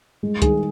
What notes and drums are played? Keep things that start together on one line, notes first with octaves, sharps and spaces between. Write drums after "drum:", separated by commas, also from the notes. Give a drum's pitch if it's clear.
G#3
D#3 G#4, drum: kick, hi-hat